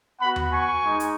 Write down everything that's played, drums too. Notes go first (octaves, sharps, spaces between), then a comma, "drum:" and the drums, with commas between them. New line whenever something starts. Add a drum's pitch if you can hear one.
B3 F#4 F#5 B5
drum: tom D#2
G#5 C#6
G#3 D#4
drum: hi-hat